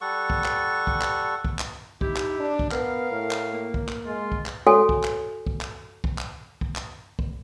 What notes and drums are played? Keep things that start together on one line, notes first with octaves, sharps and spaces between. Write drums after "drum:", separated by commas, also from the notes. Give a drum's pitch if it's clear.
G3 A4 F#5 C#6
drum: kick
drum: clap
drum: kick
drum: clap
drum: kick
drum: clap
D#4 E4 G4, drum: kick
drum: clap
D4
drum: kick
B3 A#4 F5, drum: clap
A2
drum: clap
A#3
drum: kick
drum: clap
G#3 F4
drum: kick
drum: clap
F#4 A4 C#5 G#5
drum: kick
drum: clap
drum: kick
drum: clap
drum: kick
drum: clap
drum: kick
drum: clap
drum: kick